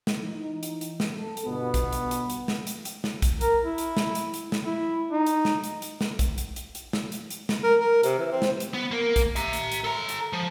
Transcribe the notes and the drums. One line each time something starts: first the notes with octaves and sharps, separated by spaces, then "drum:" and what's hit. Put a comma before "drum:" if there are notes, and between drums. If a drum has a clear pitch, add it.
drum: snare
E3 D#4
drum: hi-hat
drum: hi-hat
drum: snare
A4
drum: hi-hat
G1 B2 B3
drum: kick A#1, hi-hat
drum: hi-hat
drum: hi-hat
drum: hi-hat
drum: snare
drum: hi-hat
drum: hi-hat
drum: snare
drum: kick A#1, hi-hat
A#4, drum: hi-hat
E4
drum: hi-hat
drum: snare
drum: hi-hat
drum: hi-hat
drum: snare
E4
D#4
drum: hi-hat
drum: snare
drum: hi-hat
drum: hi-hat
drum: snare
drum: kick A#1, hi-hat
drum: hi-hat
drum: hi-hat
drum: hi-hat
drum: snare
drum: hi-hat
drum: hi-hat
drum: snare
A#4
A#4
C3, drum: hi-hat
E3
C4
drum: snare
drum: hi-hat
B3
A#3 A#4
drum: kick A#1, hi-hat
E5 A#5, drum: hi-hat
drum: hi-hat
drum: hi-hat
A4 A#5
drum: hi-hat
F3